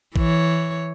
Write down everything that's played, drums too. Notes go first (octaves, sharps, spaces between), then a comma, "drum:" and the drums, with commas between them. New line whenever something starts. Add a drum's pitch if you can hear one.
E3 C#5, drum: kick